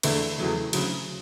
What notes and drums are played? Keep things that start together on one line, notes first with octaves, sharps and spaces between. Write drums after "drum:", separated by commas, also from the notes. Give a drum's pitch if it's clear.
E2 D3 A3 E4, drum: cymbal
E2 C#3 F#3 A3
D2 C#3 F#3, drum: cymbal